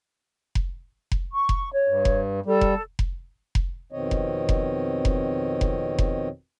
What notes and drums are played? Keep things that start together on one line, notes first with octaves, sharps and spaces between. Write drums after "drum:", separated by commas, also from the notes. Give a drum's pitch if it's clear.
drum: kick F1
drum: kick F1
C#6
drum: kick F1
C#5
G2
drum: kick F1
G3 A4
drum: kick F1
drum: kick F1
drum: kick F1
F2 B2 D#3 C4 C#5 D#5
drum: kick F1
drum: kick F1
drum: kick F1
drum: kick F1
drum: kick F1